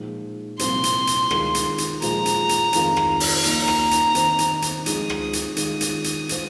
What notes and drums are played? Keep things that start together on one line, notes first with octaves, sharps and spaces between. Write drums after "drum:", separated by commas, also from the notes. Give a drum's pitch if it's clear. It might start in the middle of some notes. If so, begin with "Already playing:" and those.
Already playing: A#2 F3 G#3 D#4
C2 A#2 F3 C4 C6, drum: hi-hat
drum: hi-hat
drum: hi-hat
D#3 G#3 F4 A#4, drum: rim click
drum: hi-hat
drum: hi-hat
A#2 F3 G#3 A#5, drum: hi-hat
drum: hi-hat
drum: hi-hat
F2 D#3 G#3 F4 A#4, drum: hi-hat
drum: rim click
drum: open hi-hat
F3 A#3 D#4 A#5, drum: hi-hat
drum: rim click
drum: hi-hat
D#3 C4 D#4 C5, drum: hi-hat
drum: hi-hat
drum: hi-hat
F3 G#3 C4 D#4 D#6, drum: hi-hat
drum: rim click
D#6
drum: hi-hat
D#3 G#3 F4 D#6, drum: hi-hat
drum: hi-hat
drum: hi-hat
G#3 F4 G#4 C5, drum: hi-hat